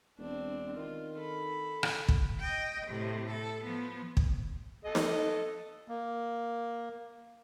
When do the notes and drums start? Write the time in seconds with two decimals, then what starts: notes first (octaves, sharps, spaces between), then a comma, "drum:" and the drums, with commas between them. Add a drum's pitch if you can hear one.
0.19 E1 C4 D4
0.76 D#3 F4
1.18 A4 B5
1.83 drum: rim click
2.08 drum: kick
2.39 D#5 G5
2.87 A2 C3
3.30 A4
3.64 F3 B3
4.17 drum: kick
4.85 A4 D#5
4.95 drum: snare D#4
5.88 A#3